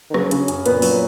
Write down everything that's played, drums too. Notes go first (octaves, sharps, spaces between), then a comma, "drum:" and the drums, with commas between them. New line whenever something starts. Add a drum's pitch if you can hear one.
D#3
C#3 F#3, drum: rim click
C#3, drum: hi-hat
F#2, drum: hi-hat
A#2 B3, drum: hi-hat
F#3, drum: open hi-hat